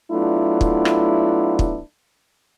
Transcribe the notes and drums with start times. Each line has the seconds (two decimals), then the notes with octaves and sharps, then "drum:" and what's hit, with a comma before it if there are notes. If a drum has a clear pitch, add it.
0.12 F#3 A3 B3 D4 E4 F4
0.61 drum: kick
0.85 drum: rim click
1.59 drum: kick